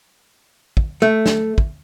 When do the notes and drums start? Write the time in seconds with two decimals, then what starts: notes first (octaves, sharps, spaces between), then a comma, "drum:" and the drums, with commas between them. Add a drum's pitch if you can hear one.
0.77 drum: kick
1.02 A3
1.26 drum: snare
1.58 drum: kick